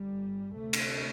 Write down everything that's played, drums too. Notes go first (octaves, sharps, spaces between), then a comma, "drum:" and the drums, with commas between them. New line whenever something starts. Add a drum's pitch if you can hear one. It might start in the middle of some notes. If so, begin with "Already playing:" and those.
Already playing: G1 G2 G3
D2 C3 A3
drum: cymbal